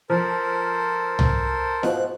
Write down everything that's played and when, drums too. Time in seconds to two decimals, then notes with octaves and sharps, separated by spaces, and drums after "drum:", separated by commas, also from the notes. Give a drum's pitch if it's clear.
0.10 F3 A4 A#4 C5
1.19 drum: tom
1.83 G#2 B2 F3 F#6, drum: snare E4